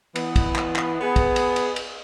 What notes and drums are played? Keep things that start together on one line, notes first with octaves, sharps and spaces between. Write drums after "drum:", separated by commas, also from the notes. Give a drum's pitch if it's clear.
E3 B3, drum: cymbal
drum: kick, cymbal
drum: clap
drum: clap
B3 G#4
drum: kick, cymbal
drum: cymbal
drum: cymbal
drum: cymbal